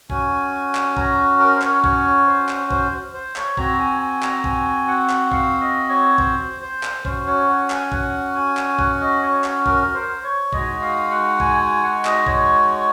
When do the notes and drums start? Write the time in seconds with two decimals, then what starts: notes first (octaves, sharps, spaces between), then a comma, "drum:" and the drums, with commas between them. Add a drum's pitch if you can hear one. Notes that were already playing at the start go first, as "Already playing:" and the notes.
0.10 C#4 F#4 G#5, drum: kick B1
0.75 drum: clap
0.97 A#5, drum: kick B1
1.40 A#4
1.56 C5
1.62 C#5, drum: clap
1.84 C#5, drum: kick B1
2.27 C5
2.49 drum: clap
2.71 C5, drum: kick B1
3.14 C5
3.36 C#5, drum: clap
3.57 C4 F#4 A#5, drum: kick B1
3.79 G#5
4.01 G#5
4.23 A#5, drum: clap
4.44 G#5, drum: kick B1
4.88 F#5
5.09 drum: clap
5.31 F5, drum: kick B1
5.60 D#5
5.89 C#5
6.18 C5, drum: kick B1
6.62 C5
6.83 drum: clap
7.05 C#4 F#4 C5, drum: kick B1
7.27 C#5
7.48 F#5
7.70 G#5, drum: clap
7.92 F#5, drum: kick B1
8.35 G#5
8.57 drum: clap
8.79 F#5, drum: kick B1
9.01 D#5
9.22 C#5
9.44 drum: clap
9.66 A#4, drum: kick B1
9.94 C5
10.24 C#5
10.52 G#3 D#4 F#4 D#5, drum: kick B1
10.81 F5
11.11 F#5
11.40 G#5, drum: kick B1
11.61 G#5
11.83 F#5
12.05 D#5, drum: clap
12.26 C#5, drum: kick B1